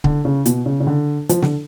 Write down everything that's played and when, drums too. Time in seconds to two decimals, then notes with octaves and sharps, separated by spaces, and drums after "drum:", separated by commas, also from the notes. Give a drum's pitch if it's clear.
0.04 D3, drum: kick C#1
0.25 C#3
0.45 B2, drum: hi-hat
0.66 C#3
0.80 C#3
0.87 D3
1.29 F3, drum: hi-hat
1.42 D3, drum: snare